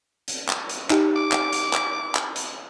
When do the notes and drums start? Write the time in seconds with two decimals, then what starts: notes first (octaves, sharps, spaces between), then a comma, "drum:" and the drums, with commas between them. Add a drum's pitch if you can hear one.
0.28 drum: hi-hat
0.49 drum: clap
0.69 drum: hi-hat
0.90 D#4 G4, drum: clap
1.16 D6
1.32 drum: clap
1.53 drum: hi-hat
1.73 drum: clap
2.15 drum: clap
2.36 drum: hi-hat